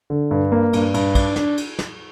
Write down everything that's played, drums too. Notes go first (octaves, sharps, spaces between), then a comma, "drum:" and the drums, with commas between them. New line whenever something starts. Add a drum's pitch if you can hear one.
D3
G2
A#3
G2, drum: cymbal
G2, drum: cymbal
D4, drum: kick, cymbal
D4, drum: snare
drum: cymbal
drum: snare